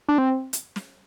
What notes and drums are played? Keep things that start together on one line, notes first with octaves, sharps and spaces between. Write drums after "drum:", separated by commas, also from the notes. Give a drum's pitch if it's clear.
D4
C4
drum: hi-hat
drum: snare